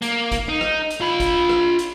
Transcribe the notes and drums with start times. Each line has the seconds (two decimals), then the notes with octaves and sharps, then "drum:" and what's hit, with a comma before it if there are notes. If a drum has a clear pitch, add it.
0.02 A#3, drum: hi-hat
0.32 drum: kick, hi-hat
0.49 D#4
0.61 drum: rim click
0.90 drum: hi-hat
1.01 F4 B5
1.20 drum: kick, hi-hat
1.49 drum: rim click
1.79 drum: hi-hat